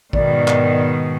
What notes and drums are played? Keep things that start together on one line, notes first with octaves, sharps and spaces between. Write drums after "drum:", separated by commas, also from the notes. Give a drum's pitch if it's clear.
G#2 B2 D#3 D5, drum: kick A1
drum: clap